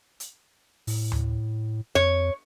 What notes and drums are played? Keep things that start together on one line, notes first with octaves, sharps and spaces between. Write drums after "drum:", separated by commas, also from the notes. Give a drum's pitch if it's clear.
drum: hi-hat
A2, drum: open hi-hat
drum: tom D2
F2 C#5